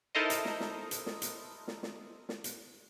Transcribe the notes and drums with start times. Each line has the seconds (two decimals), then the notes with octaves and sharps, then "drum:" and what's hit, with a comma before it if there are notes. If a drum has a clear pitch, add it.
0.15 D#4 E4 A4 A#4 C5 D#5
0.30 drum: hi-hat
0.45 drum: snare
0.60 drum: snare
0.91 drum: hi-hat
1.06 drum: snare
1.22 drum: hi-hat
1.68 drum: snare
1.83 drum: snare
2.29 drum: snare
2.44 drum: hi-hat